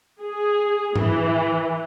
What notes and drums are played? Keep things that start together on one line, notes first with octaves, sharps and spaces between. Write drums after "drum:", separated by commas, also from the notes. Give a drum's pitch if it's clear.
G#4
E3, drum: tom G#2